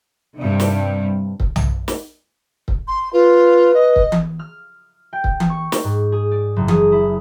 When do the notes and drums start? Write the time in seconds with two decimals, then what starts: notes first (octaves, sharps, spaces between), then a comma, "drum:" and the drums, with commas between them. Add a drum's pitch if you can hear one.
0.37 G2 C3 D4
0.60 drum: snare
1.40 drum: kick C#1
1.56 drum: tom
1.88 drum: snare
2.68 drum: kick C#1
2.87 C6
3.13 F4 B4
3.74 D#5
3.96 drum: kick C#1
4.12 drum: tom E3
4.39 F6
5.13 G5
5.24 drum: kick C#1
5.40 drum: tom E3
5.50 C#6
5.72 drum: snare
5.84 G#2
6.12 G#4
6.31 D5
6.56 F#1
6.68 G#4, drum: tom E3
6.92 E4